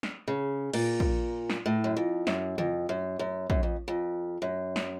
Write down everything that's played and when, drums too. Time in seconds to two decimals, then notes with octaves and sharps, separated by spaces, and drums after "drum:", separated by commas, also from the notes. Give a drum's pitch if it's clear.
0.03 drum: snare
0.28 C#3
0.73 A#2, drum: cymbal
1.00 drum: kick
1.50 drum: snare
1.66 A2
1.84 F#2
1.97 F2
2.27 F#2, drum: snare
2.58 F2, drum: tom
2.89 F#2
3.19 F#2
3.50 F#2, drum: kick
3.63 F2
3.88 F2
4.42 F#2
4.76 drum: snare